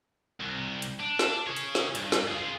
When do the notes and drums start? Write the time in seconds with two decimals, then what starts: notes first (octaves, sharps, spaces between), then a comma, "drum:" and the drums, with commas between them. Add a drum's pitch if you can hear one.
0.40 C2
0.82 drum: hi-hat
1.01 D4
1.19 drum: snare
1.47 G#4 C#5
1.57 drum: hi-hat
1.75 drum: snare
1.95 G2, drum: hi-hat
2.12 drum: snare
2.28 F4 G#4